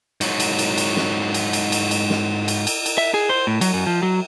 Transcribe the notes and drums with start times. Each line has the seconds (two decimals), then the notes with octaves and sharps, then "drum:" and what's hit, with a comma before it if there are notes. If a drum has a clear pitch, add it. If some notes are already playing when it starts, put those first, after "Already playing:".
0.21 G#2 F#3, drum: cymbal
0.40 drum: cymbal
0.59 drum: cymbal
0.78 drum: cymbal
0.96 drum: snare
1.34 drum: cymbal
1.53 drum: cymbal
1.72 drum: cymbal
1.91 drum: cymbal
2.10 drum: snare
2.48 drum: cymbal
2.67 drum: cymbal
2.86 drum: cymbal
2.98 E5
3.14 G#4
3.29 C5
3.47 A2
3.61 F#3, drum: cymbal
3.74 F#2
3.87 F3
4.03 F#3